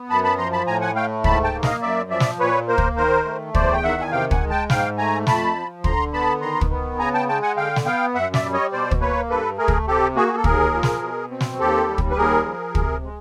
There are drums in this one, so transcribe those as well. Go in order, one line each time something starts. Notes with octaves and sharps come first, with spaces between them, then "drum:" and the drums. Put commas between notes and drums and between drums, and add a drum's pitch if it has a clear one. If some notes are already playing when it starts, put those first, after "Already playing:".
Already playing: B3
F#2 A5 B5
A5 B5
F3 A#5 C6
A5 B5
A2 G#5 A#5
F#5 G#5
A3 F5 G5
G#2 A5 B5, drum: kick
G5 A5
A#3
D#5 F5, drum: snare
F#2 D5 E5
F3 D5 E5
drum: snare
A#2 B4 C#5
A#3 A#4 C5
drum: kick
D#3 A#4 C5
A3
E2 C5 D5, drum: kick
G5
D#3 E5 F#5
G#5
C3 F5 G5
F#5 G#5, drum: kick
G#3
G5 A5
G#2 F5 G5, drum: snare
A3 G#5 A#5
F2 A5 B5, drum: snare
F3
D3 A#5 C6, drum: kick
B3 A5 B5
D#3 A#5 C6
drum: kick
B3
C#3 G#5 A#5
G5 A5
G#3 G5 A5
F#5 G#5
D3 F5 G5
drum: snare
B3 F5 G5
F#2 E5 F#5
D5 E5, drum: snare
G3
C#5 D#5
B2 C5 D5
drum: kick
A#3 B4 C#5
G2 A4 B4
A3 G#4 A#4
drum: kick
C3 G4 A4
A#3 F#4 G#4
G#4
A4
D#2 G#4 A#4, drum: kick
F3
drum: snare
B2
C4
drum: snare
D#2 G4 A4
G3
drum: kick
B4
D#2 G#4 A#4
F3
C3, drum: kick
G#3